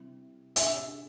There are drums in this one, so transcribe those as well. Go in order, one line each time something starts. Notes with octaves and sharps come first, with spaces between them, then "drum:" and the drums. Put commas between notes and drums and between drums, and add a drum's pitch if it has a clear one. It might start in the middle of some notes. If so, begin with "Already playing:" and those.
Already playing: C3 G3 C4 E4
E5, drum: hi-hat